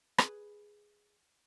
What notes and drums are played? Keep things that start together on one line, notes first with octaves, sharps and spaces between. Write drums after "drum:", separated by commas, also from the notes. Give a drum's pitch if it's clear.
G#4 B4, drum: rim click